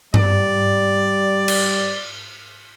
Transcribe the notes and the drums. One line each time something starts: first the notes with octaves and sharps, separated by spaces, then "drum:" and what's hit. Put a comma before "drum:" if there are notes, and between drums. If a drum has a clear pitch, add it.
G3 D5, drum: tom G2
drum: cymbal